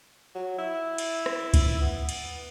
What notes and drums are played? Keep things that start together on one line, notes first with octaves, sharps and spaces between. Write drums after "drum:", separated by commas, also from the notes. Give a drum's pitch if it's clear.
F#3
E4
drum: cymbal
drum: rim click
drum: kick C#2, cymbal
B3
drum: cymbal